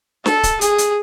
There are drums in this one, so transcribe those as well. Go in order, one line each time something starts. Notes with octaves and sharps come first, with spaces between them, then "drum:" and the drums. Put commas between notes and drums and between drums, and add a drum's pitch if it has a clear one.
A4, drum: snare
drum: kick C#1, hi-hat
G#4, drum: hi-hat
drum: hi-hat